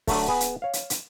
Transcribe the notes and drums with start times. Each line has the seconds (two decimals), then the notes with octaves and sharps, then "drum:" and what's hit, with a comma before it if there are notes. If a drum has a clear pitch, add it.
0.07 D3 F#3 A3, drum: kick C#1, open hi-hat
0.29 B3 G#4
0.40 drum: hi-hat
0.62 C#5 F5
0.73 drum: hi-hat
0.90 drum: hi-hat